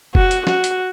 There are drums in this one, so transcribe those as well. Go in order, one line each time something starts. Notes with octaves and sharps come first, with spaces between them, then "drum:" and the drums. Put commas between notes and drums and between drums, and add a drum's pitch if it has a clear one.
F#4, drum: kick F1
drum: hi-hat
F#4, drum: snare
drum: hi-hat